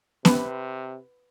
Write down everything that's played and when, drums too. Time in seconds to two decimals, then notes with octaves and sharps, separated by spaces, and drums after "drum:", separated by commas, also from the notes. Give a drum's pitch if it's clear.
0.25 C3 B4, drum: snare B3